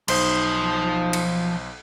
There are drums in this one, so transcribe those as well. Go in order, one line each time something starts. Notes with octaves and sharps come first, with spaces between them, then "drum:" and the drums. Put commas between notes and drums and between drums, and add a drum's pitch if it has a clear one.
B1 F3 D#4 C5 C6 D#6, drum: cymbal
drum: cymbal